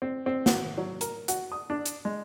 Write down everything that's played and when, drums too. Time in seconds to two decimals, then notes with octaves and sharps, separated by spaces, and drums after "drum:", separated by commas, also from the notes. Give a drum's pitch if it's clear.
0.02 C4
0.26 C4
0.46 F#4, drum: snare
0.78 F#3
1.01 A#4, drum: hi-hat
1.28 F#4, drum: hi-hat
1.52 D#6
1.70 D4
1.86 drum: hi-hat
2.05 G#3